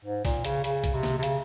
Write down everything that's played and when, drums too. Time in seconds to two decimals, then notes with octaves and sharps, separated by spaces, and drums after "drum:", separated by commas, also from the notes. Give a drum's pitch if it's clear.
0.05 G#2
0.25 A#2, drum: kick, open hi-hat
0.45 C#3, drum: hi-hat
0.64 C#3, drum: hi-hat
0.84 drum: kick, hi-hat
0.94 C3
1.03 drum: snare
1.18 C3
1.23 C#3, drum: hi-hat